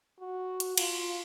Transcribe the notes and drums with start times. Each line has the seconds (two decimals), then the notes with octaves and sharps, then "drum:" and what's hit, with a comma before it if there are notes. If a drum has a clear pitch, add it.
0.19 F#4
0.60 drum: hi-hat
0.78 F4, drum: cymbal